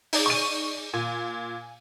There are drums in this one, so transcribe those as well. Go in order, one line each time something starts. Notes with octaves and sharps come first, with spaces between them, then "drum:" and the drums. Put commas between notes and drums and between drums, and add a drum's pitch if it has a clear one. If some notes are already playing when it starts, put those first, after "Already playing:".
D#4 G#4 D5, drum: open hi-hat
C#6 D#7
A#2 G#5